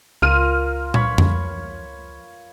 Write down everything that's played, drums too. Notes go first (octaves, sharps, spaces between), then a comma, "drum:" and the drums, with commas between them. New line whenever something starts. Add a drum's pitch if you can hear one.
C#2 F4 A#4 F6 D#7
C#5 B5, drum: tom A#2
drum: tom F2